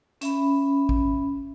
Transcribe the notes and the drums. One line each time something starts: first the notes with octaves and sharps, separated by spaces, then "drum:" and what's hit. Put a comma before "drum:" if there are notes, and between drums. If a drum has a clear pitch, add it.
C#4 E5 B5, drum: hi-hat
drum: kick A1